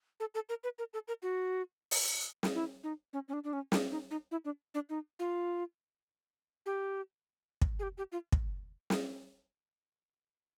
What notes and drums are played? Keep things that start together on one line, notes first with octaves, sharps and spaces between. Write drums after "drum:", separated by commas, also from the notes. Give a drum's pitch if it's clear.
A4
A4
A#4
B4
A#4
A4
A#4
F#4
drum: open hi-hat
drum: snare
E4
D#4
C#4
C#4
D4
D4
C#4
D4, drum: snare
D#4
D#4
E4
D4
D4
D#4
F4
G4
drum: kick
G#4
G4
G4
F4
drum: kick
drum: snare